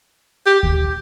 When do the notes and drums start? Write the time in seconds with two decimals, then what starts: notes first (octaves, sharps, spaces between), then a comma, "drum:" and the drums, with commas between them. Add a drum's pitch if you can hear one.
0.46 G4
0.63 drum: kick D2